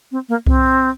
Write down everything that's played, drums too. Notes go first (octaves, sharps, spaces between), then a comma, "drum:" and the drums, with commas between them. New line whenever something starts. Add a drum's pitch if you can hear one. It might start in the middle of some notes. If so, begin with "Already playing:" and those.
C4
A#3
C4, drum: kick C2